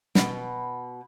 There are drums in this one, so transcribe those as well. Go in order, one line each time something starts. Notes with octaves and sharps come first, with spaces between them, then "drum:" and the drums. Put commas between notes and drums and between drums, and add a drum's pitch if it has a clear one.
B2 B5, drum: snare